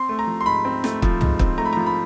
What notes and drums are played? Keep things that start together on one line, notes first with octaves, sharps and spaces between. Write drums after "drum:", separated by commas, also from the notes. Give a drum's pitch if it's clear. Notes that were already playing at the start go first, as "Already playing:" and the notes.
Already playing: C4 C6
A3
A#5
F3
C6
G#2 B5
C4
A3, drum: snare
F3, drum: kick
G#2, drum: tom
C4, drum: kick
A3 A#5
B5
F3 A#5
B5